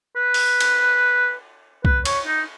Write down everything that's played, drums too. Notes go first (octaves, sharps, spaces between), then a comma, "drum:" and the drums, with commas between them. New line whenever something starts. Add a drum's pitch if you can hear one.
B4
drum: open hi-hat
drum: cymbal
B4, drum: kick C2
C#5, drum: cymbal
D#4